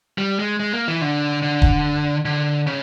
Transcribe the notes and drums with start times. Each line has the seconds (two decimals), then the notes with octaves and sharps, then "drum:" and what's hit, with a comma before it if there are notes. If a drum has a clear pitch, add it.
0.18 G3
0.39 G#3
0.60 G#3
0.73 A#3
0.88 E3
1.01 D3
1.42 D3
1.62 drum: kick D#1
2.25 D3
2.67 C#3